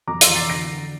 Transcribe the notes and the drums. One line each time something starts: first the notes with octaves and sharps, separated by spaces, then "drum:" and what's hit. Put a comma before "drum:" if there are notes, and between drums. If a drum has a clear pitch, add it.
F2 A#5 D6
C6 E6, drum: hi-hat
E3
A6 C7
D3 A#6 D7
D3